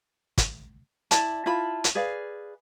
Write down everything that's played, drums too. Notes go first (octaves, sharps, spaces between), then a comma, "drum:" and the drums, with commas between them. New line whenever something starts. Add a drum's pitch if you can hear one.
drum: kick, hi-hat
E4 D5 A5, drum: hi-hat
E4 F4 A5 B5
drum: hi-hat
G#4 B4 D5 F5